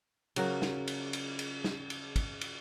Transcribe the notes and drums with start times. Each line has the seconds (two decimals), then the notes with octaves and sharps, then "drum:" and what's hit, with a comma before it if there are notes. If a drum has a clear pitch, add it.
0.36 C#3 F#3 F#4 A#4, drum: cymbal
0.62 drum: snare
0.88 drum: cymbal
1.13 drum: cymbal
1.39 drum: cymbal
1.64 drum: snare
1.90 drum: cymbal
2.16 drum: kick, cymbal
2.41 drum: cymbal